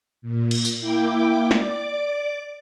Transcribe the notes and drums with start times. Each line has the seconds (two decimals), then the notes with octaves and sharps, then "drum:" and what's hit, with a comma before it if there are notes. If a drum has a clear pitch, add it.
0.22 A#2
0.51 drum: cymbal
0.65 drum: tambourine
0.80 A#3 E4 G5 D6
1.51 D5 D6, drum: snare